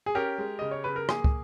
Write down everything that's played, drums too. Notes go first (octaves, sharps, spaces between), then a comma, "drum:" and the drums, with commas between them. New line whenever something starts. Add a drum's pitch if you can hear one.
G#4
C#4 G4 A#4
G#3
C#3 D#5
C#5
C#3 B4
A#4
A#3 G#4, drum: rim click
drum: kick